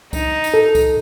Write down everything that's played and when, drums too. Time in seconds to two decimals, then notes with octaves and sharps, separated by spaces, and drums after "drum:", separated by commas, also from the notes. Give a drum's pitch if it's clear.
0.13 D#4, drum: kick, tambourine
0.44 drum: tambourine
0.54 A4
0.75 drum: kick, tambourine